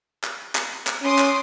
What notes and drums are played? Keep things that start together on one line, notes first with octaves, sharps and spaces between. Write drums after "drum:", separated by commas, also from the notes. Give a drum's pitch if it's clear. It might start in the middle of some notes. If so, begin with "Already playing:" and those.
drum: clap
drum: clap
drum: clap
C#4 C6 D6 D#6
drum: clap